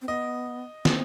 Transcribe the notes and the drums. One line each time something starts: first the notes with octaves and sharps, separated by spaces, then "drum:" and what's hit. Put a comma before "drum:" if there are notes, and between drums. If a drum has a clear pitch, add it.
C4
B3 D#5
C4, drum: snare